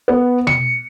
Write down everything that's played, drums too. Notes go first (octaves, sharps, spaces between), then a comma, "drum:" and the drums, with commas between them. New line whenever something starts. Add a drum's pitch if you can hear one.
B3
C#7, drum: tom B2